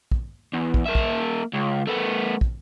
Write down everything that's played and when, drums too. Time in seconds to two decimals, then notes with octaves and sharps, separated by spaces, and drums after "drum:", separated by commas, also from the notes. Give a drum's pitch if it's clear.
0.12 drum: kick
0.53 E2
0.74 drum: kick
0.86 A#3 E5
0.95 drum: kick
1.53 C#2
1.87 A3 B3
2.41 drum: kick